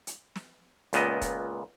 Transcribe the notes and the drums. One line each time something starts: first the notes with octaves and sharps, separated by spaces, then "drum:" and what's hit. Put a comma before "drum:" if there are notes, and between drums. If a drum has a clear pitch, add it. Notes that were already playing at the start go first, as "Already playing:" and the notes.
drum: hi-hat
drum: snare
C#2 A#2 B3 D#5, drum: hi-hat
drum: kick, hi-hat